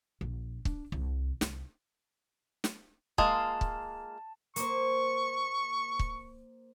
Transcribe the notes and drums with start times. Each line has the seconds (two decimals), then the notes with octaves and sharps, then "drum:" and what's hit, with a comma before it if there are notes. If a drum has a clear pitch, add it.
0.21 A#1
0.65 D4, drum: kick
0.92 C2
1.41 C2, drum: snare
2.64 drum: snare
3.18 G#3 A#3 F4 A5, drum: kick
3.61 drum: kick
4.56 A#3 C5 C#6, drum: hi-hat
5.99 drum: kick